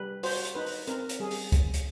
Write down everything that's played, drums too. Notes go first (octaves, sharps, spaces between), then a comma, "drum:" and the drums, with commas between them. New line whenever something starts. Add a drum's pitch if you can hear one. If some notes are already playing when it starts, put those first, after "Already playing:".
Already playing: G3 B4
F#4 C5, drum: open hi-hat
drum: hi-hat
D#4 B4
drum: open hi-hat
C4 A#4, drum: hi-hat
drum: hi-hat
G3 G#4
drum: open hi-hat
drum: kick C#2, hi-hat
drum: hi-hat